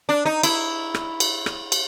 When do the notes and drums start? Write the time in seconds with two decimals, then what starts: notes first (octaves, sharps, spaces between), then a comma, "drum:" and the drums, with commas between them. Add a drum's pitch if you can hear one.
0.09 D4
0.25 D#4
0.43 E4, drum: cymbal
0.95 drum: rim click
1.20 drum: cymbal
1.46 drum: rim click
1.72 drum: cymbal